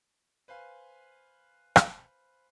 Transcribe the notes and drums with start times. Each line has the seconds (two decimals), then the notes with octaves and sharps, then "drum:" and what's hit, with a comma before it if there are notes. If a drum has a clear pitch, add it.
0.48 B4 C5 F5 G#5
1.76 drum: rim click